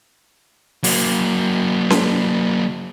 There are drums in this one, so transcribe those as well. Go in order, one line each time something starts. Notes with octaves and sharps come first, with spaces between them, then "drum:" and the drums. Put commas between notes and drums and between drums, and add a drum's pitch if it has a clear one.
F#3 A#3, drum: open hi-hat
drum: snare C#4